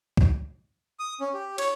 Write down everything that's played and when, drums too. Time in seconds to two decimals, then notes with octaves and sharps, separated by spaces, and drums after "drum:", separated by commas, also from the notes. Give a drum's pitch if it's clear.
0.17 drum: kick
0.99 D#6
1.20 C#4
1.34 G4
1.58 C#5, drum: cymbal